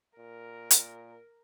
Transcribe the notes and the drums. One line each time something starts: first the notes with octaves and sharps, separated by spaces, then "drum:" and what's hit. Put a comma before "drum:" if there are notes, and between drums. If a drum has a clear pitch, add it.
A#2 A#4
drum: hi-hat